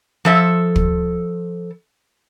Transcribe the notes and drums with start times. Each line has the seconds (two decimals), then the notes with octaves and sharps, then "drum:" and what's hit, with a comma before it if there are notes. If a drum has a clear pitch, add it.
0.25 F3 A4 E5
0.76 drum: kick